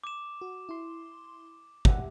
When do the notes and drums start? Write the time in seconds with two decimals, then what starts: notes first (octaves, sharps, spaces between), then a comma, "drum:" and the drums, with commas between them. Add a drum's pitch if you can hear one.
0.04 D6 E7
0.41 F#4
0.69 E4 C6
1.85 G4 E5 F#5, drum: kick